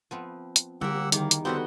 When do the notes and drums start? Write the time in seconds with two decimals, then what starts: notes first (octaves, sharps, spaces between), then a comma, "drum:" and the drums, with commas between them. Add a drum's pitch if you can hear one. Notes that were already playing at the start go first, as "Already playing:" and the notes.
0.11 F3 B3 C4
0.56 drum: hi-hat
0.81 D3 G3 A#3 G4 A#4 F#5 E6
1.12 E2 D#3 A#3, drum: hi-hat
1.31 drum: hi-hat
1.45 D3 G3 B3 C4 F#4 G4 C5 G7